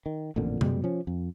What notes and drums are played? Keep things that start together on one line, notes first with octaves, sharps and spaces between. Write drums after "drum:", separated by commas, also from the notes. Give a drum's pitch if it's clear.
D#3
A1 F2 A#2 D3
F#2 B2 G3 G#3, drum: tom C3
F3 C#4
F2